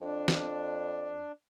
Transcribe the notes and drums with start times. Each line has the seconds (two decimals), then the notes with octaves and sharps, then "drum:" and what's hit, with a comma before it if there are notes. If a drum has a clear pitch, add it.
0.01 F2 D4
0.28 drum: snare